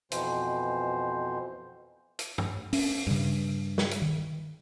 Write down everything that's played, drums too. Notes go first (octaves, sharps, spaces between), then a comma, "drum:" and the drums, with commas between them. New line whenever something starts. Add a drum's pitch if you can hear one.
F2 B2 E3 C5, drum: hi-hat
drum: hi-hat
drum: tom G2
C#4, drum: open hi-hat
G2 C#3
drum: snare
drum: hi-hat
D#3